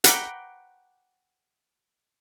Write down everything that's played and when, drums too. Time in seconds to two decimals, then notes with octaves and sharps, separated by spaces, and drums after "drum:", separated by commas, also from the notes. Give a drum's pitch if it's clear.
0.04 F#5 G5 A#5 B5 D6, drum: hi-hat